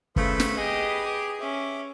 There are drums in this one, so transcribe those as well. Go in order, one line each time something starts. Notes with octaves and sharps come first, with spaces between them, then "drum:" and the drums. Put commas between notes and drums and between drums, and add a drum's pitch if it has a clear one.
C#3 F3 A3 B4 B5, drum: kick
drum: snare
G4 G#4 D#5
G4 D6
C#4 E5 D6